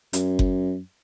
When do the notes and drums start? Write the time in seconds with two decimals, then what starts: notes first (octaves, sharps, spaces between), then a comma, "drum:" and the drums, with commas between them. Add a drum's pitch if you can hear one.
0.13 F#2, drum: hi-hat
0.39 drum: kick F#1